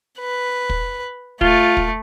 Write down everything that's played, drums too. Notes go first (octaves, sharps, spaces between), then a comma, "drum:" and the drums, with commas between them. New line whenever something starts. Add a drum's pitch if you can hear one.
B4
drum: kick
A3 F4, drum: kick
drum: kick